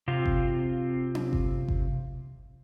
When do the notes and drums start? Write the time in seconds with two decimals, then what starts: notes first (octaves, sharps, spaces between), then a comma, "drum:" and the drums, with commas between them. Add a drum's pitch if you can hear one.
0.08 C3 C4 F4
0.26 drum: kick G1
1.15 drum: tom C#4
1.33 drum: kick G1
1.68 drum: kick G1